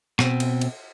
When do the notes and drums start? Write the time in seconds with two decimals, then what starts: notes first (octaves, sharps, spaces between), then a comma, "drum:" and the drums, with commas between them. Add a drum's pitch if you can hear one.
0.19 B2 C4, drum: rim click
0.40 drum: cymbal
0.61 drum: cymbal